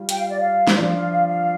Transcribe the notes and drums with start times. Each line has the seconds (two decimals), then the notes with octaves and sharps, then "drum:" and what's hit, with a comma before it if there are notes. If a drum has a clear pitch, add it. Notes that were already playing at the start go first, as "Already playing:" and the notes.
Already playing: G3 F4
0.09 G5, drum: hi-hat
0.20 F5
0.29 D5
0.40 F5
0.67 C5, drum: snare
0.76 F3 D4 F4 D5
0.94 F5
1.11 F5
1.29 F5